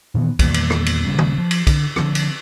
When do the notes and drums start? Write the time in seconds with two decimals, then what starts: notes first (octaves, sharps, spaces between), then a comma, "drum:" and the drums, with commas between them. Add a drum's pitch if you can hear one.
0.14 A#2 D#3 E3 B3
0.39 E2 A#2 D#3 G3, drum: kick, cymbal
0.54 drum: cymbal
0.70 drum: rim click
0.86 drum: cymbal
1.07 D#1 C#3 G3
1.19 drum: tom
1.38 F3
1.51 drum: cymbal
1.67 D3, drum: kick, cymbal
1.96 D3 F3 C4, drum: rim click
2.15 drum: cymbal